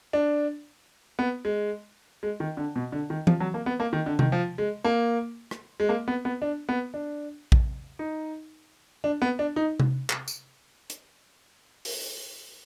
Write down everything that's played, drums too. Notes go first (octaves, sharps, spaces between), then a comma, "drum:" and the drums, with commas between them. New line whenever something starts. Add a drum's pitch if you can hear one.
D4
B3
G#3
G#3
D#3
D3
B2
D3
D#3
F3, drum: tom E3
F#3
A#3
B3
A#3
D#3
D3
D#3, drum: tom C3
F3
G#3
A#3
drum: rim click
G#3
A#3
B3
B3
D4
B3
D4
drum: kick A#1
D#4
D4
B3
D4
D#4
drum: tom C3
drum: clap
drum: tambourine
drum: hi-hat
drum: open hi-hat